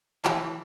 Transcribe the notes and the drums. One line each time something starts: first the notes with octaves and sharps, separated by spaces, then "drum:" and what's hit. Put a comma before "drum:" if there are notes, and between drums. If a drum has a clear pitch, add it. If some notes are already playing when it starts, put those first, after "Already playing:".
E3, drum: clap